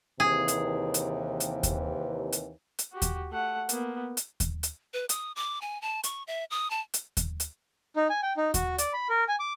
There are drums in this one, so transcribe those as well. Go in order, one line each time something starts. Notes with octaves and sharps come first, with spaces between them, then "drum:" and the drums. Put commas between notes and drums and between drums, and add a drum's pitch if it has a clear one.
D#2 C3 E3 G#4
drum: hi-hat
drum: hi-hat
drum: hi-hat
drum: kick D#2, hi-hat
drum: hi-hat
drum: hi-hat
F#4 G4
drum: kick D#2, hi-hat
A3 F#5
A#3 B3, drum: hi-hat
drum: hi-hat
drum: kick D#2, hi-hat
drum: hi-hat
B4
D#6, drum: hi-hat
D6
G#5
A5
C#6, drum: hi-hat
E5
D#6
A5
drum: hi-hat
drum: kick D#2, hi-hat
drum: hi-hat
D#4
G#5
G5
D#4
F#4, drum: kick D#2, hi-hat
D5, drum: hi-hat
B5
A#4
G#5
D6